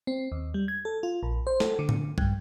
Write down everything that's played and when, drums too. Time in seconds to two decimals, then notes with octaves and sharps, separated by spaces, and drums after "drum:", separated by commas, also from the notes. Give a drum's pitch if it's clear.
0.07 C4
0.32 D#2
0.54 G3
0.68 G#6
0.85 A4
1.03 F4
1.23 A#1
1.47 C5
1.60 A4, drum: snare
1.79 D3
1.89 drum: tom A2
2.18 G2, drum: kick